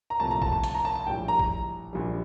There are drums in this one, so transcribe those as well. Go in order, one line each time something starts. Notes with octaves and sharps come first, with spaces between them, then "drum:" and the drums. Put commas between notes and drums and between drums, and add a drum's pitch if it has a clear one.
A#5
C2 A#2 F3 A3 A5
A#5
A5, drum: kick A1
A5
A5, drum: hi-hat
A#5
A5
A5
A#1 A2 G3 G5
A#5
drum: kick A1
A#1 A#2 G3